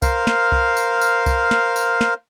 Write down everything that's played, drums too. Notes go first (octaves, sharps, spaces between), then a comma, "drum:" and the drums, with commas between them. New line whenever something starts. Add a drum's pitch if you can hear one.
A#4 C5 F5, drum: kick C2, tambourine
drum: snare
drum: kick C2
drum: tambourine
drum: tambourine
drum: kick C2, tambourine
drum: snare
drum: tambourine
drum: snare